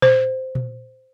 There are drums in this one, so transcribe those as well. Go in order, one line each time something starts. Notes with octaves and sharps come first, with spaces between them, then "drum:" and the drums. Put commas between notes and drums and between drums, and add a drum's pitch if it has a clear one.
C5, drum: tom A#2
drum: tom A#2